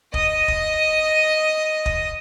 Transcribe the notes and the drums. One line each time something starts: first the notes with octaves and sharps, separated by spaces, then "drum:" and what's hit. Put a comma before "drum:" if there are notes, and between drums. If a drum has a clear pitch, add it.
D#5 D#6, drum: kick E1
drum: kick E1
drum: kick E1